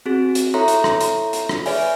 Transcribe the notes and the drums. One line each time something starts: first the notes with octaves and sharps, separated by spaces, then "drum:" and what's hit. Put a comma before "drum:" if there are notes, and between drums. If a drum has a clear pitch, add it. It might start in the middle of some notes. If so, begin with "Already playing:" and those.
C4 F#4 G#4
drum: hi-hat
E4 A4 C#5 E5 A#5 C6
drum: hi-hat
drum: rim click
drum: hi-hat
drum: hi-hat
drum: rim click
G#4 B4 C#5 D5 E5 G#5, drum: open hi-hat